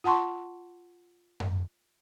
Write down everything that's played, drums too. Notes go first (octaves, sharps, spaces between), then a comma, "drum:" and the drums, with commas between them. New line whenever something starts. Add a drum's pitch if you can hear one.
F4 F#5 A5 C6 C#6
drum: tom F#2